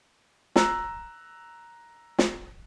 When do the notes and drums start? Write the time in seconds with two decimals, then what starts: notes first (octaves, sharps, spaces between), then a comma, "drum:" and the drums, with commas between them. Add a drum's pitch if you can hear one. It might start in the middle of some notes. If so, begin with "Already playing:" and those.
0.56 A#5 E6 F#6, drum: snare
2.19 drum: snare